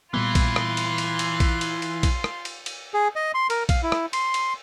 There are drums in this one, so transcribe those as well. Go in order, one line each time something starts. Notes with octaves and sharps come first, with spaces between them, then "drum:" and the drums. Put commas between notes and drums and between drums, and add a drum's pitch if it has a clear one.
A#2 E3 G3 B3 F4 C6
drum: kick A#1, cymbal
drum: rim click
drum: cymbal
drum: cymbal
drum: cymbal
drum: kick A#1, cymbal
drum: cymbal
drum: cymbal
drum: kick A#1, cymbal
drum: rim click
drum: cymbal
drum: cymbal
G#4
D#5
C6
A#4, drum: cymbal
F5, drum: kick A#1, cymbal
E4
drum: rim click
C6, drum: cymbal
drum: cymbal